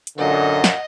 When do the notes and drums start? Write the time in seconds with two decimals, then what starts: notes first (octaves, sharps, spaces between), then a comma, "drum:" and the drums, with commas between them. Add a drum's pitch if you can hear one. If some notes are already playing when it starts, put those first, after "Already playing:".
0.07 drum: hi-hat
0.18 F#2 A#2 D3 D#5 F#5
0.64 drum: snare